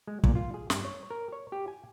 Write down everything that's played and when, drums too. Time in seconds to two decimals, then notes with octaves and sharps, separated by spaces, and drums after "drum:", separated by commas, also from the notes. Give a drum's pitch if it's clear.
0.07 G#3
0.24 A#2, drum: kick
0.35 F4
0.54 G#4
0.70 G2, drum: snare
0.85 C#5
1.10 A#4
1.32 C#5
1.52 G4
1.68 G#5